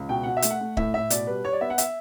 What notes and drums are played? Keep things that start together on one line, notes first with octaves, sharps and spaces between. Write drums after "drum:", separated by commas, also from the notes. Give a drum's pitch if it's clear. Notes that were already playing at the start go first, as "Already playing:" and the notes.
Already playing: C#2
B2 G5
B2 F#5
E5
A3, drum: hi-hat
F#5
A3
A2 E5, drum: kick
A2 E5
B2 D5, drum: hi-hat
G3 B4
G3 C#5
D5
B3 E5
F#5
E5, drum: hi-hat